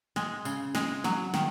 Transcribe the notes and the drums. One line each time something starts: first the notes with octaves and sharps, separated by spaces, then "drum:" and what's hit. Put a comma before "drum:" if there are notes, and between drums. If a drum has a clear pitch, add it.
G#3, drum: snare
C#3, drum: tambourine
G#3, drum: snare
F#3, drum: snare
D#3, drum: snare